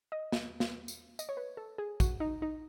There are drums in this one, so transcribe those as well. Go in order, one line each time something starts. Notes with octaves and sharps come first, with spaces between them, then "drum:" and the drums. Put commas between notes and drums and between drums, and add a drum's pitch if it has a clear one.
D#5
drum: snare
drum: snare
drum: tambourine
D#5, drum: tambourine
C#5
B4
A4
G#4
F#4, drum: kick, tambourine
D#4
D#4